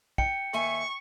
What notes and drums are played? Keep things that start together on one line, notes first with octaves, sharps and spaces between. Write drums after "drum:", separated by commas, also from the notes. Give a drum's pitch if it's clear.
G5 C#7, drum: kick
D#2 E5 G#5 C#6